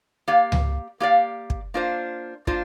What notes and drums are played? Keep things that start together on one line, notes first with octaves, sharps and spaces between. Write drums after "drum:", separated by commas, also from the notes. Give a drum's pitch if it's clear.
A#3 G4 D5 F5
drum: tom C#2
A#3 G4 D5 F5
drum: kick
A#3 D4 F4 C5
A#3 D4 F4 C5, drum: kick